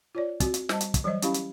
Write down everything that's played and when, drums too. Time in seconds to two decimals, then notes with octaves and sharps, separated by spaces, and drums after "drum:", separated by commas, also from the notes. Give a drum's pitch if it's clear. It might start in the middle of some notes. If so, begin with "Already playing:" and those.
0.15 F4 C#5 D5
0.40 C4 F#4, drum: kick, hi-hat
0.54 drum: hi-hat
0.69 G3 C5 D#5 A5, drum: snare
0.81 drum: hi-hat
0.94 drum: kick, hi-hat
1.04 E3 F#3 G3 C5 D#5
1.22 C#4 E4 G4 F5 B5, drum: hi-hat
1.34 drum: hi-hat